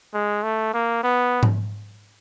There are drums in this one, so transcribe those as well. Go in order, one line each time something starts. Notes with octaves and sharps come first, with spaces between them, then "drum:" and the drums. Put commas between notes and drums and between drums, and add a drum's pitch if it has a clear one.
G#3
A3
A#3
B3
drum: tom G#2